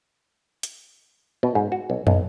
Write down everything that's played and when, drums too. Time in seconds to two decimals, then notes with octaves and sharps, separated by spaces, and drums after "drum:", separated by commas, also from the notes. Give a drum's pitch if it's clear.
0.63 drum: hi-hat
1.43 B2
1.55 G#2
1.72 F#4
1.90 B1
2.07 B1, drum: tom